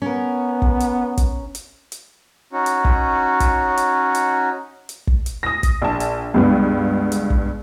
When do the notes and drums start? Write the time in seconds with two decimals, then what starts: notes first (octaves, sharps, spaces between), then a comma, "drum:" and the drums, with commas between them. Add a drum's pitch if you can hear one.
0.02 B3 C#4 A#4
0.62 drum: kick
0.80 drum: hi-hat
1.17 drum: kick, hi-hat
1.55 drum: hi-hat
1.92 drum: hi-hat
2.53 C#4 D#4 F#4
2.66 drum: hi-hat
2.85 drum: kick
3.40 drum: kick, hi-hat
3.77 drum: hi-hat
4.15 drum: hi-hat
4.89 drum: hi-hat
5.07 drum: kick
5.26 drum: hi-hat
5.43 D#6 A#6
5.63 drum: kick, hi-hat
5.82 A#1 A5
6.00 drum: hi-hat
6.34 C#2 G2 B3
7.12 drum: hi-hat
7.30 drum: kick